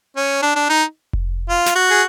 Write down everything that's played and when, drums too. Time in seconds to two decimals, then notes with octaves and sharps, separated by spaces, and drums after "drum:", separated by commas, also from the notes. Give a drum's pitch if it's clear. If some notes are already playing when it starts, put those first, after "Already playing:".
0.16 C#4
0.42 D4
0.56 D4
0.69 D#4
1.13 drum: kick F1
1.49 F4
1.66 drum: snare
1.75 F#4
1.90 G#4